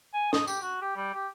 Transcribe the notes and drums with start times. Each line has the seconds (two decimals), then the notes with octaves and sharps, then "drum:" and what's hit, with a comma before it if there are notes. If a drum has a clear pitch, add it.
0.14 G#5
0.33 D#5, drum: snare D4
0.47 G4, drum: tambourine
0.62 F#4
0.82 G4
0.97 G3
1.14 G4